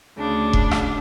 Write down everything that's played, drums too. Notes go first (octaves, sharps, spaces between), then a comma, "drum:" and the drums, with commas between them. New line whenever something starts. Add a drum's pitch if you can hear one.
D2 C#3 D4
drum: kick E1
drum: rim click